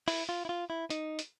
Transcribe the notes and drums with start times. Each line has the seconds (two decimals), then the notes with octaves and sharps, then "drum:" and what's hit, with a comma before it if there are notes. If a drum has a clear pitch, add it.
0.08 E4, drum: open hi-hat
0.29 F4
0.45 E4
0.49 F4
0.70 E4
0.90 D#4, drum: hi-hat
1.19 drum: hi-hat